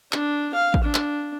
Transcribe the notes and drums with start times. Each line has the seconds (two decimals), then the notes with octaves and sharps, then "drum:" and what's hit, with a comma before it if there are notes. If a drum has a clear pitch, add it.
0.13 D4, drum: clap
0.54 F5
0.74 drum: kick A1
0.84 D4
0.95 drum: clap